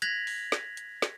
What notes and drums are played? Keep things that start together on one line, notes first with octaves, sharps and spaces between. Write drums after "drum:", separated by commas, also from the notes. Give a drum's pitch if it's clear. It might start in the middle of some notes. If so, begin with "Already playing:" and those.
F#6 G#6 A#6 B6 F7 F#7, drum: hi-hat
drum: open hi-hat
drum: snare
drum: hi-hat
drum: snare